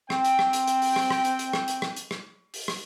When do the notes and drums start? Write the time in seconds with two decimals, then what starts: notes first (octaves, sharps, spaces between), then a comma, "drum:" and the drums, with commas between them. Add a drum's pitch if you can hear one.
0.10 C4 G5, drum: rim click
0.25 drum: hi-hat
0.39 drum: rim click
0.53 drum: hi-hat
0.68 drum: hi-hat
0.82 drum: open hi-hat
0.96 drum: rim click
1.10 drum: rim click
1.25 drum: hi-hat
1.39 drum: hi-hat
1.53 drum: rim click
1.68 drum: hi-hat
1.82 drum: rim click
1.96 drum: hi-hat
2.11 drum: rim click
2.54 drum: open hi-hat
2.68 drum: rim click